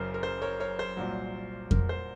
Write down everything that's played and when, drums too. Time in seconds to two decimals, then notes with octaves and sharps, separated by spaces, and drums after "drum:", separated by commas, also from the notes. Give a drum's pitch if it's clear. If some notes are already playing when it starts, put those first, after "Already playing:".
Already playing: F#1 F#2 C#3 A#4 C5
0.14 A#4
0.23 C5
0.42 A#4 C#5
0.60 A#4 C#5
0.79 C5
0.97 C2 A#2 F#3
1.71 A#4, drum: kick F2
1.89 C5